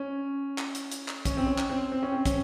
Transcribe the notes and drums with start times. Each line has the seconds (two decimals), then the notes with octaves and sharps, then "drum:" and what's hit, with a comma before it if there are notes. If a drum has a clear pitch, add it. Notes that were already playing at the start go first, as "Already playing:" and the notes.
Already playing: C#4
0.58 drum: clap
0.75 drum: hi-hat
0.92 drum: hi-hat
1.08 drum: clap
1.25 C#4, drum: kick, hi-hat
1.37 C4
1.46 C#4
1.58 drum: clap
1.70 C4
1.92 C4
2.03 C#4
2.12 C4
2.26 C#4, drum: kick, hi-hat